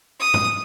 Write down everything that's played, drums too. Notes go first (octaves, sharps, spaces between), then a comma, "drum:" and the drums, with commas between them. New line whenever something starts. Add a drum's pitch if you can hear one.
D#6
drum: tom G2